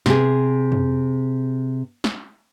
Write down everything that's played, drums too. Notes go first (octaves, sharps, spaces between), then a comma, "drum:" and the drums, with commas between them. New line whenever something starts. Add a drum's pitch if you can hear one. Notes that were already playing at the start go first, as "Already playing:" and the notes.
C3 G#4, drum: snare
drum: tom
drum: snare